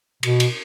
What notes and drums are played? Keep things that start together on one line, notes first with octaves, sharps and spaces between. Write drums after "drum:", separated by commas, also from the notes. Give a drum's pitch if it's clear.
B2, drum: cymbal
drum: cymbal